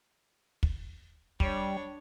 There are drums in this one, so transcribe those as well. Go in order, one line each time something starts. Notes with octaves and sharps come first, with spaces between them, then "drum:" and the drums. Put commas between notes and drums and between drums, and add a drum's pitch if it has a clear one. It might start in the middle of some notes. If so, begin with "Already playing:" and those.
drum: kick
G3 D4 C#5, drum: kick